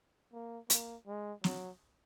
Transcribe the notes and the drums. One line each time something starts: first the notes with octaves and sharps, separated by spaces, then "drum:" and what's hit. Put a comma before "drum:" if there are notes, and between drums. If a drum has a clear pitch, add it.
A#3
A#3, drum: hi-hat
G#3
F#3, drum: snare